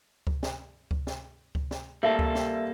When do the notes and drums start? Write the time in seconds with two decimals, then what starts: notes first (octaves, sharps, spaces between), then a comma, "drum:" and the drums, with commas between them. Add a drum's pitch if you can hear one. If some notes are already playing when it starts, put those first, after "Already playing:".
0.27 drum: kick C#2
0.43 drum: snare
0.91 drum: kick C#2
1.07 drum: snare
1.55 drum: kick C#2
1.71 drum: snare
2.03 G3 A#3 A4 E5
2.19 drum: kick C#2
2.35 drum: snare